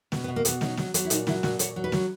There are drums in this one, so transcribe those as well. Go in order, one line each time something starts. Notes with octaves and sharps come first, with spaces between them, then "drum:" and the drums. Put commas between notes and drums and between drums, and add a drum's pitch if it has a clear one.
B2, drum: snare
B3
B2
A#3
B2 B3, drum: hi-hat
F#3 D#4, drum: snare
F#3, drum: snare
F#3, drum: hi-hat
E4
A#2 D#4, drum: hi-hat
F#3 E4, drum: snare
A#2 F#4, drum: snare
A#2 C#5, drum: hi-hat
F#3
B4
F#3, drum: snare